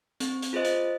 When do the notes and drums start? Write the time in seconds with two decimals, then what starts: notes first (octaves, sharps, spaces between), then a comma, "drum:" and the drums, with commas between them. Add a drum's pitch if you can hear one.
0.20 C4, drum: hi-hat
0.42 drum: hi-hat
0.53 F4 G#4 C5 D#5
0.65 drum: hi-hat